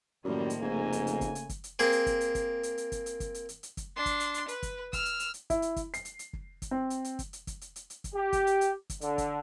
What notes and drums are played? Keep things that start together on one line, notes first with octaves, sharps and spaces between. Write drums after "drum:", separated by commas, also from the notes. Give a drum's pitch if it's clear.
F#2 A2 D#3 F3 G3 A#3
drum: hi-hat
F1 G#2 C#3 A3 G#5
drum: hi-hat
drum: hi-hat
drum: kick, hi-hat
drum: hi-hat
drum: kick, hi-hat
drum: hi-hat
A#3 C4 G#4, drum: hi-hat
drum: hi-hat
drum: kick, hi-hat
drum: hi-hat
drum: kick, hi-hat
drum: hi-hat
drum: hi-hat
drum: kick, hi-hat
drum: hi-hat
drum: kick, hi-hat
drum: hi-hat
drum: hi-hat
drum: hi-hat
drum: kick, hi-hat
D4 C6
drum: kick, hi-hat
drum: hi-hat
drum: hi-hat
B4, drum: hi-hat
drum: kick, hi-hat
E6 F6, drum: kick, hi-hat
drum: hi-hat
drum: hi-hat
drum: hi-hat
E4, drum: kick, hi-hat
drum: hi-hat
drum: kick, hi-hat
C7, drum: hi-hat
drum: hi-hat
drum: hi-hat
drum: kick
drum: kick, hi-hat
C4
drum: hi-hat
drum: hi-hat
drum: kick, hi-hat
drum: hi-hat
drum: kick, hi-hat
drum: hi-hat
drum: hi-hat
drum: hi-hat
drum: kick, hi-hat
G4
drum: kick, hi-hat
drum: hi-hat
drum: hi-hat
drum: kick, hi-hat
D3, drum: hi-hat
drum: kick, hi-hat